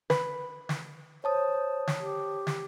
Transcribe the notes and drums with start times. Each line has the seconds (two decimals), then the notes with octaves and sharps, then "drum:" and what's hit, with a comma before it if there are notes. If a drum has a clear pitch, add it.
0.10 B4, drum: snare
0.69 drum: snare
1.24 C5 C#5 A5 D#6
1.87 drum: snare
2.00 G4
2.47 drum: snare